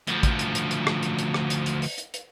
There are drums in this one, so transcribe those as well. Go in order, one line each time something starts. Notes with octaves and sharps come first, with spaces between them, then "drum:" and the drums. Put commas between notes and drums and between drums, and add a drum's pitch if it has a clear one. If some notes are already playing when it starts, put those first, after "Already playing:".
D2 F3, drum: hi-hat
drum: kick, hi-hat
drum: hi-hat
drum: hi-hat
drum: hi-hat
drum: rim click
drum: hi-hat
drum: hi-hat
drum: rim click
drum: hi-hat
drum: hi-hat
drum: open hi-hat
drum: hi-hat
drum: hi-hat